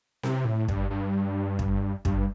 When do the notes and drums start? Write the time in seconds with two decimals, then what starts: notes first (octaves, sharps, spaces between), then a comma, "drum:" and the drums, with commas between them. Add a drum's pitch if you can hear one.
0.23 C3, drum: snare C4
0.45 A2
0.68 G2, drum: kick
0.90 G2
1.59 drum: kick
2.05 G2, drum: kick